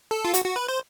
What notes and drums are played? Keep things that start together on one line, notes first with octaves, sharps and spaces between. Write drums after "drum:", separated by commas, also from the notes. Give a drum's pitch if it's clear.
A4
F4
F#4, drum: hi-hat
F#4
B4
C5